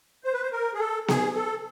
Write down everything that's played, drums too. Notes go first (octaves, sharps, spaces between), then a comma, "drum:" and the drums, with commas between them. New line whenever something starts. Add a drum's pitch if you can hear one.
C5
B4
C5
A#4
G#4
A4
G#4, drum: snare B3
A4